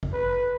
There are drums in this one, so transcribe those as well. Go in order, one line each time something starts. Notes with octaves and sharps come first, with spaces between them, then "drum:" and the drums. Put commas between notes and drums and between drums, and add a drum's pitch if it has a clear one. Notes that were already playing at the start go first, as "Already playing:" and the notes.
drum: kick G#1
B4